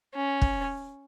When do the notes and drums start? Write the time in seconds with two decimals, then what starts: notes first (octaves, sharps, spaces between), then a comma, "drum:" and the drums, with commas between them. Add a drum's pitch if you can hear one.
0.15 C#4
0.42 drum: kick